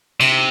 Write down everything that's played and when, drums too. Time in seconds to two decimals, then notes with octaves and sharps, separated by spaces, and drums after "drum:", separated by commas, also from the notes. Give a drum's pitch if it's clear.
0.20 C3, drum: cymbal